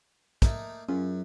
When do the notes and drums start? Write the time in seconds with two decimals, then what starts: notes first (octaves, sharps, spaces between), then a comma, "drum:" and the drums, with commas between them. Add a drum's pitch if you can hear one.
0.42 A3 A#3 D#4, drum: kick, hi-hat
0.89 F#2 C#4 F4 G#4